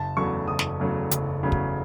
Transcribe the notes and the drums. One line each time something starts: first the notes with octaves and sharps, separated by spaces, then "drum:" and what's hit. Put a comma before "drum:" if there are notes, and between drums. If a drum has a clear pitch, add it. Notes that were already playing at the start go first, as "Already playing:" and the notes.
Already playing: F#1 A5
E2 C#3 F#3 A3 C#6
F#1 D#6
drum: snare
E2 C#3 F#3 A3
F#1, drum: hi-hat
E2 C#3 F#3 A3
drum: kick